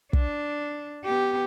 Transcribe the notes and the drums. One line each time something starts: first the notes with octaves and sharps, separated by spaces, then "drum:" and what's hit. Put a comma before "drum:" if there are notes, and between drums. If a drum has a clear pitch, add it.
D4, drum: kick
B3 G4